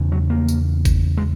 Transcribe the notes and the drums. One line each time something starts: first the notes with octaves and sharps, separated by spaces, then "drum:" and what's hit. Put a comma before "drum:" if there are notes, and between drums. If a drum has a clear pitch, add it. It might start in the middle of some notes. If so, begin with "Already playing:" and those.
Already playing: E2 C#3
F#3
A#3
drum: tambourine
drum: kick G1, tambourine
G#3